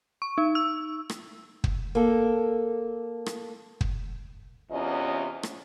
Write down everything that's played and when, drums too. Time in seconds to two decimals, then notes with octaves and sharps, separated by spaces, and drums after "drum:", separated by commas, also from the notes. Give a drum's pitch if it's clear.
0.22 C#6
0.38 D#4
0.55 E6
1.10 drum: rim click
1.64 drum: kick
1.95 A#3 A4
3.26 drum: rim click
3.81 drum: kick
4.70 E2 C3 C#4 F4 D#5
5.43 drum: rim click